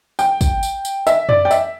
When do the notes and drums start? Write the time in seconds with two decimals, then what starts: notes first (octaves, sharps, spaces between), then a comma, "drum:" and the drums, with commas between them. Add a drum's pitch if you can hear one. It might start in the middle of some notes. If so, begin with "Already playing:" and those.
0.19 G5, drum: tambourine
0.41 drum: kick, tambourine
0.63 drum: tambourine
0.85 drum: tambourine
1.07 E5, drum: tambourine
1.29 D5, drum: tom
1.45 G5
1.51 E5, drum: tambourine